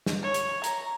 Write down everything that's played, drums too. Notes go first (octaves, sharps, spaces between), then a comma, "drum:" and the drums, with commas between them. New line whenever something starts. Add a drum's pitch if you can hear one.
drum: snare
C#5
drum: hi-hat
A#5, drum: hi-hat